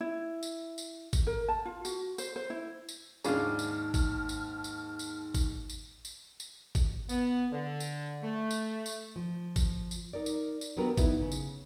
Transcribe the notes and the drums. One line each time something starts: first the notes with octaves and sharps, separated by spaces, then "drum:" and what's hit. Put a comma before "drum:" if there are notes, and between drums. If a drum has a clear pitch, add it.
E4
drum: tambourine
drum: tambourine
drum: kick G#1, tambourine
A#4
A5
F4
F#4, drum: tambourine
C5, drum: tambourine
C5
E4
drum: tambourine
D#2 G#2 C#3 D4 F4 A5 F6, drum: tambourine
drum: tambourine
drum: kick G#1, tambourine
drum: tambourine
drum: tambourine
drum: tambourine
drum: kick G#1, tambourine
drum: tambourine
drum: tambourine
drum: tambourine
drum: kick G#1, tambourine
B3, drum: tambourine
D3
drum: tambourine
A3
drum: tambourine
drum: tambourine
F3
drum: kick G#1, tambourine
drum: tambourine
D#4 A#4 D5
drum: tambourine
drum: tambourine
F#3 B3 C#4 D4 G4 A#4
B3 D#4 E4, drum: kick G#1, tambourine
C#3
drum: tambourine